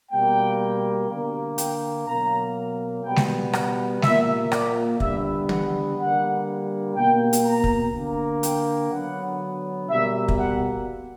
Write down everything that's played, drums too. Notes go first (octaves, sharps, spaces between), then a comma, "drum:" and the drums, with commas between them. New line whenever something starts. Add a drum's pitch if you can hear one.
B2 G3 A#3 G5
D3 A#3
G5, drum: hi-hat
B2 F#3 A#3 A#5
B2 G3 B3 G5
drum: snare G#3
F#5, drum: rim click
A#2 A#3 E5, drum: snare G#3
D5, drum: rim click
D3 G3 B3 E5, drum: kick
F#5, drum: tom
D3 G3 A#3 F#5
B2 A#3 G5
drum: hi-hat
A#5
drum: kick
D3 A#3
G5, drum: hi-hat
D3 F#3 B3 F#5
B2 G3 A#3 E5
drum: kick
F#5